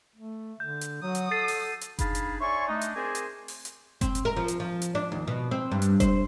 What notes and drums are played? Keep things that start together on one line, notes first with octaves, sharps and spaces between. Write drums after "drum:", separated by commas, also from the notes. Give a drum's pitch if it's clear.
A3
D3 G6
drum: hi-hat
F#3 F#4 D#6
drum: hi-hat
A4 A6 C7 D#7
drum: open hi-hat
drum: hi-hat
D4 D#4 G#4 F5 A5 B5, drum: kick F#1, hi-hat
drum: hi-hat
C#5 D5 E5 G#5 C6 C#6
A3 D4 D#4
drum: hi-hat
C4 G#4 A#4 C5 D5 G#5
drum: hi-hat
drum: open hi-hat
drum: hi-hat
C4, drum: kick F#1, hi-hat
drum: hi-hat
A#4
F3
drum: hi-hat
F3
drum: hi-hat
D4
D#2
B2
C4
G2
drum: hi-hat
C5, drum: kick F#1, hi-hat